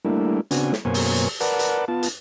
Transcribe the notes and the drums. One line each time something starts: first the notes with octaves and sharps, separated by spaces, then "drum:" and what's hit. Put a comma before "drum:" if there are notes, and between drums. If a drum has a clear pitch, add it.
G3 A3 A#3 D4 E4
C#3 B3 C4 D4 F#4 G#5, drum: hi-hat
drum: snare
F#2 B2 A#3 C5 C#5 G#5
drum: open hi-hat
drum: hi-hat
A#4 B4 D5 F#5 A5, drum: hi-hat
drum: hi-hat
B3 F4 A5
drum: hi-hat